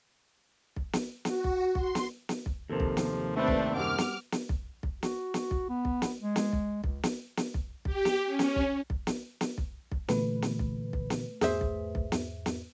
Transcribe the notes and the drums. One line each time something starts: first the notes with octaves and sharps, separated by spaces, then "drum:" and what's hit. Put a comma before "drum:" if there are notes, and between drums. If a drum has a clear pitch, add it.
drum: kick B1
drum: snare
F#4, drum: snare
drum: kick B1
C6, drum: kick B1
drum: snare
drum: snare
drum: kick B1
D#2 C3 F3 A4 A#4
drum: kick B1
drum: snare
A3 C4 D4 B4
drum: kick B1
F#2 G3 F#5 D6 F6
drum: snare
drum: snare
drum: kick B1
drum: kick B1
F#4, drum: snare
drum: snare
drum: kick B1
B3
drum: kick B1
drum: snare
G#3
drum: snare
drum: kick B1
C#2, drum: kick B1
drum: snare
drum: snare
drum: kick B1
G4, drum: kick B1
drum: snare
C#4
drum: snare
drum: kick B1
drum: kick B1
drum: snare
drum: snare
drum: kick B1
drum: kick B1
A#2 D3 E3 A3 B4, drum: snare
drum: snare
drum: kick B1
drum: kick B1
drum: snare
E2 G#2 G#4 C5 E5, drum: snare
drum: kick B1
drum: kick B1
drum: snare
drum: snare